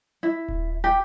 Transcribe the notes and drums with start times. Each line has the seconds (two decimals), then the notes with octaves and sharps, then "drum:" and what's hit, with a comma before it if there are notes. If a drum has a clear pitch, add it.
0.23 E4
0.48 drum: kick D#1
0.84 G4